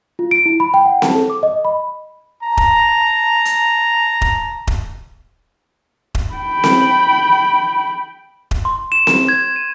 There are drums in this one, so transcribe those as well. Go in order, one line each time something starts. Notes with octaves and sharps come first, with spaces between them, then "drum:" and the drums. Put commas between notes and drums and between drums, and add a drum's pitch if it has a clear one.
F4
D7
E4
B5
G5
F#5
A5, drum: snare C4
A4
D6
D#5
B5
A5 A#5
drum: kick D#1
drum: hi-hat
drum: kick D#1
drum: kick D#1
drum: kick D#1
G5 B5
drum: snare C4
drum: kick D#1
C6
E7
E7, drum: snare C4
G#6
D#7